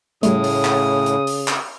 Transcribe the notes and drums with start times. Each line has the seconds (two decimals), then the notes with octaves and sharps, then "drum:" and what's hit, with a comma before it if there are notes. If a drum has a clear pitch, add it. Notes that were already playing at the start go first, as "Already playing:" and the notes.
0.23 A2 C#3 G3 A3 D#6, drum: hi-hat
0.44 drum: open hi-hat
0.65 drum: clap
1.06 drum: hi-hat
1.27 drum: open hi-hat
1.48 drum: clap